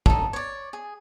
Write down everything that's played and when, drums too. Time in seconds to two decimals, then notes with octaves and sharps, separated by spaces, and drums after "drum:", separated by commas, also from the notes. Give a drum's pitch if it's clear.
0.06 D#4 A4, drum: kick
0.33 C#5 D5
0.73 G#4